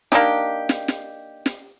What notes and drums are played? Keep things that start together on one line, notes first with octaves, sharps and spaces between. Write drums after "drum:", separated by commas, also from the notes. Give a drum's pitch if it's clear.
A#3 D4 D#4 G4, drum: snare
drum: snare
drum: snare
drum: snare